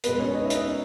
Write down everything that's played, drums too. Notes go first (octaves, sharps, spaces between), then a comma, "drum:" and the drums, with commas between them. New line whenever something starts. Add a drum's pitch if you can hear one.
B2 G#3 B3 B4, drum: hi-hat
C#4 C#5
D#4 D#5
E5
D#4 D#5, drum: hi-hat